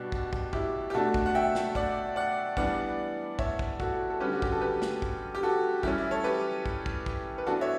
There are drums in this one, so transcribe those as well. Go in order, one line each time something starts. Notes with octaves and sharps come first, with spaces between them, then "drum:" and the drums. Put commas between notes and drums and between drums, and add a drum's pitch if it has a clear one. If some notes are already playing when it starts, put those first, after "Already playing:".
Already playing: B2 G3 B3 D4 F#4 G4
drum: kick
drum: kick
E4 G4, drum: kick
G4
B2 A3 D4 F#4 A4
drum: kick
F#5
E5 G5
drum: snare
D5 F#5, drum: kick
D5 F#5
E3 G3 B3 D4 D5 F#5, drum: kick
C#5 E5, drum: kick
drum: kick
F#4 A4, drum: kick
A4
D3 G3 C#4 G4 B4
F#4
G4, drum: kick
A4
G4 B4
drum: snare
drum: kick
G4
F#4 A4
E3 G3 C#4 E4 G4, drum: kick
E4
A4 C#5
G4 B4
drum: kick
drum: kick
drum: kick
B4
E3 B3 D4 F#4 A4
C#5 E5